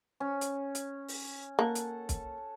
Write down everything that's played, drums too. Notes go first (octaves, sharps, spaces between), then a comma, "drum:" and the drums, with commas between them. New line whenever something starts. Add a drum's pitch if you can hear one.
C#4
drum: hi-hat
drum: hi-hat
drum: open hi-hat
A#3 A4 F#5
drum: hi-hat
drum: kick, hi-hat